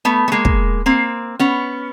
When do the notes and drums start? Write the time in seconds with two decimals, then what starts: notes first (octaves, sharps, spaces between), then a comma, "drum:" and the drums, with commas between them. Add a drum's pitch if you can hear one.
0.05 A3 B3
0.28 A3
0.32 G#3 A#3
0.45 drum: kick
0.86 A#3 C4
1.39 B3 C#4